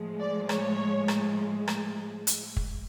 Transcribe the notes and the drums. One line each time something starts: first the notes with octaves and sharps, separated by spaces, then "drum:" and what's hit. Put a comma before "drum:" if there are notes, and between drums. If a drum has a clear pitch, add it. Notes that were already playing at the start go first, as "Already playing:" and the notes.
Already playing: A2 F3 G#3
D5
C#5, drum: rim click
drum: rim click
drum: rim click
drum: hi-hat
drum: kick